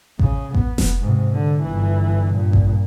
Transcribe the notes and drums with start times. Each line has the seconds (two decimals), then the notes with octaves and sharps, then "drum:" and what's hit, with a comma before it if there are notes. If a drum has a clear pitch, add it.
0.19 C#3, drum: kick A1
0.54 B3, drum: kick A1
0.78 drum: snare F1
1.01 G#2 C3
1.32 D3
1.62 G1 E3
2.34 G2 A#2
2.53 drum: kick A1